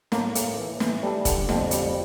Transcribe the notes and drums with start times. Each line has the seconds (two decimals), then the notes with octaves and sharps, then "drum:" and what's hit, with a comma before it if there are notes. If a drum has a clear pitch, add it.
0.12 A2 A#3, drum: snare
0.35 A2, drum: hi-hat
0.58 E3
0.80 E3, drum: snare
1.03 G3 A4
1.25 D3, drum: kick, hi-hat
1.49 F2, drum: snare
1.71 G3, drum: hi-hat